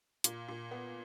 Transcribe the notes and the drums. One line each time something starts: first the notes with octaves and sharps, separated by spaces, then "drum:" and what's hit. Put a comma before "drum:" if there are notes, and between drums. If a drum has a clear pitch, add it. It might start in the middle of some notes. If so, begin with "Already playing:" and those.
A#2, drum: hi-hat
A#2
B3